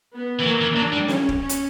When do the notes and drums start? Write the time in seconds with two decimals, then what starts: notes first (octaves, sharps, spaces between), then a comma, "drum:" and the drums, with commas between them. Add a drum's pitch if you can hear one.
0.15 B3
0.40 E3
0.45 F#3 A#3
0.62 E3
0.76 F#3 D4
0.93 G3
1.08 C#4, drum: snare
1.29 drum: kick
1.39 C#4
1.49 drum: hi-hat